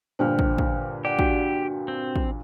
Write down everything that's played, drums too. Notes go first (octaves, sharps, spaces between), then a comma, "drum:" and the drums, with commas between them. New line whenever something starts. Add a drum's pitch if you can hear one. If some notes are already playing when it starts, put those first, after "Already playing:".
G2 A#2 D3 C5 G5 F6
drum: kick
drum: kick
G4 D5 F#5
D4 F#4 G5, drum: kick
C4
drum: kick